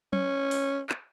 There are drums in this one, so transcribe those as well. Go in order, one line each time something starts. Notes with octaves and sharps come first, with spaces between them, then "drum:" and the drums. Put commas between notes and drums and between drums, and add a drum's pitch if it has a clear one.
C#4, drum: tom F#3
drum: open hi-hat
drum: clap